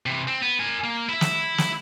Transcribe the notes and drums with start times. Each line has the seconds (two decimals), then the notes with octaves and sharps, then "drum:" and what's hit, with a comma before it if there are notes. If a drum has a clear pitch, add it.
0.06 C3 E3
0.28 C4
0.42 B3
0.59 A#4 G#5
0.84 A#3
1.09 E4 E5
1.21 drum: snare
1.58 drum: snare